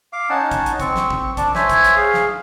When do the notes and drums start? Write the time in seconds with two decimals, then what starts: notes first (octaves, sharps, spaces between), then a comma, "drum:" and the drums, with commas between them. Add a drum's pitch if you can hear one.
0.13 F5 D6
0.29 C#4 D#4 F#5 A5
0.51 drum: kick, hi-hat
0.66 drum: hi-hat
0.80 C4 C#6, drum: kick, hi-hat
0.96 drum: snare
1.10 drum: kick
1.37 D4 D5 A5, drum: kick, hi-hat
1.55 C5 C#5 E5 G#5, drum: snare
1.69 drum: kick, hi-hat
1.84 drum: hi-hat
1.96 G#4 F5
2.14 drum: snare